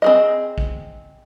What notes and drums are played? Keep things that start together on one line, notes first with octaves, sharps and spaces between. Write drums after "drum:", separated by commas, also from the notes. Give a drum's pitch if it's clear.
C4 G#4 D#5
drum: kick A#1